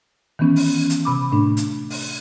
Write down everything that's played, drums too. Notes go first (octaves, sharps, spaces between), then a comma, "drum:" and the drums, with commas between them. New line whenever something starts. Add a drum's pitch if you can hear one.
D#3 E3 B3 C#4
drum: open hi-hat
drum: hi-hat
C3 B5 D6
A2 A3 D4
drum: hi-hat
drum: open hi-hat